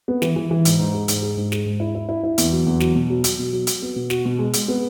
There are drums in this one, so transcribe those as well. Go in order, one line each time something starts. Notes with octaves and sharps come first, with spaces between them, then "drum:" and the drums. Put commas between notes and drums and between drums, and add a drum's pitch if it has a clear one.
B3
E3, drum: snare
E3
E3
G#2, drum: hi-hat
G#2
G#4
G#2, drum: hi-hat
G#4
G#2
G#4, drum: snare
G#2
E4
E4
E4
E4
E2, drum: hi-hat
F#3
E2
F#3, drum: snare
B2
F#3
F#3, drum: hi-hat
B2
F#3
F#3, drum: hi-hat
B3
B2
F#4, drum: snare
B2
G#3
G#3, drum: hi-hat
B3